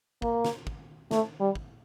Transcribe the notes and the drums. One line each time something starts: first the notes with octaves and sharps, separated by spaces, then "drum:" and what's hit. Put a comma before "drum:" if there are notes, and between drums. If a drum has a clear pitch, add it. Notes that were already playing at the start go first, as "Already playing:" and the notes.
A#3, drum: kick
drum: snare
drum: kick
A3, drum: snare
G3
drum: kick